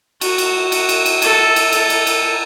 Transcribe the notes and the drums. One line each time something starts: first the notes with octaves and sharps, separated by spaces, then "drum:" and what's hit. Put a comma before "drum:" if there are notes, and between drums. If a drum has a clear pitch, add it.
F#4, drum: cymbal
drum: cymbal
drum: cymbal
drum: cymbal
drum: cymbal
A4, drum: cymbal
drum: cymbal
A4, drum: cymbal
drum: cymbal
drum: cymbal